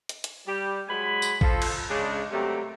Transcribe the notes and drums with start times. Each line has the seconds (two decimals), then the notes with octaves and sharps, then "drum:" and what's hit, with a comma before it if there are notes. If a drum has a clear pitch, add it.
0.09 drum: hi-hat
0.24 drum: hi-hat
0.47 G3 G4
0.89 F#3 G#3 G#5 B5
1.22 drum: tambourine
1.41 F3 A4, drum: kick A1
1.62 drum: cymbal
1.89 C#3 G#3 D4
2.31 C3 F#3 G3 A3 A#3 C4